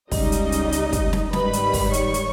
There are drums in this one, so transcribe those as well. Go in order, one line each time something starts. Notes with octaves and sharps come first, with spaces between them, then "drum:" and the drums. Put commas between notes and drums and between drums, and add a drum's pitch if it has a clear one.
C#2 C#3 G3 D#4 D#5, drum: kick, open hi-hat
drum: hi-hat
drum: hi-hat
drum: hi-hat
drum: kick, hi-hat
drum: snare
G#2 D#3 G3 B4 B5, drum: snare
drum: hi-hat
drum: kick, open hi-hat
C#5 C#6, drum: hi-hat
drum: hi-hat